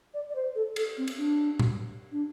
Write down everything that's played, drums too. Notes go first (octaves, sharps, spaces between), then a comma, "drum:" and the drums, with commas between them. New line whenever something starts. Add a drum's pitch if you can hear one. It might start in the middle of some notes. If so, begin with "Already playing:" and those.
D5
D5
C5
A4
A4, drum: cymbal
C4
drum: cymbal
D4
drum: tom A2
D4